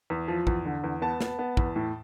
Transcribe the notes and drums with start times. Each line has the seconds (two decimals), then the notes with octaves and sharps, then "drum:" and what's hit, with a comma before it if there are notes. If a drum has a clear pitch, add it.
0.10 E2
0.28 F3
0.47 E2, drum: kick
0.65 D3
0.84 E2
1.02 B3 A5
1.21 B3, drum: snare
1.39 B3
1.57 E2, drum: kick
1.76 A2